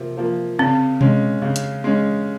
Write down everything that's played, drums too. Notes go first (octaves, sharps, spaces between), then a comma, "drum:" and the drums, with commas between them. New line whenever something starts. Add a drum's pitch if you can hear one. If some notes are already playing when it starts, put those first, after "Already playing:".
Already playing: C3 F3 A#3
F3 A#3
C#3 C4
G#3 C#4, drum: tom B2
C#3
drum: hi-hat
G#3 C#4